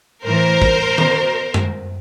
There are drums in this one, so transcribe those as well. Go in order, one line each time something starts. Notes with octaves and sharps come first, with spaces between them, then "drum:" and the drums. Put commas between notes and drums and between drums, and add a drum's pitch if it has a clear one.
A2 E3 A#4 C5
drum: kick
B2, drum: tom D#3
drum: tom F#2